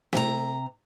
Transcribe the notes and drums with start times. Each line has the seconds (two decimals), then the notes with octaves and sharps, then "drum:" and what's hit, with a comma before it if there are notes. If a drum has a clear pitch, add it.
0.13 C3 A#5, drum: snare